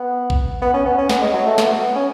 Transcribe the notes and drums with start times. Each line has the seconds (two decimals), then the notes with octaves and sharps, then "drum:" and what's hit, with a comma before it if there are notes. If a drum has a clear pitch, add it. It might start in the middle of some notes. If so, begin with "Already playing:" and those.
Already playing: B3
0.30 drum: kick A1
0.62 B3
0.74 C#4
0.86 B3
0.98 C#4
1.09 B3, drum: snare
1.22 G#3
1.34 F#3
1.46 A3
1.58 B3, drum: snare
1.81 B3
1.96 C#4